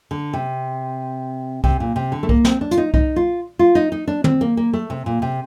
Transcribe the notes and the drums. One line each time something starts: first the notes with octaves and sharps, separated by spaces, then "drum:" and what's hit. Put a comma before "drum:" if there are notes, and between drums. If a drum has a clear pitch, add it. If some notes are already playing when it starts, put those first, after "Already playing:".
D3
C3
C3, drum: kick C2
A#2
C3
D3
A3
A#3, drum: kick C2
C4, drum: snare
D4
F4, drum: hi-hat
D#4
D#4, drum: kick C2
F4
F4
D#4
D#4
D4
C4, drum: tom
A#3
A#3
A3
C3
A#2
C3